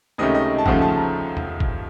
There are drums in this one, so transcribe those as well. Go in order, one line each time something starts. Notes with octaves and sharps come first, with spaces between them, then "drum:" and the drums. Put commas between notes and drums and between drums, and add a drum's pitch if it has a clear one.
C#2 C3 D#3 A3 C#4 D#5
D#5
A5
D#2 C#3 F3 A3 C#4 F#5, drum: kick
A5
A#5
drum: tom
drum: kick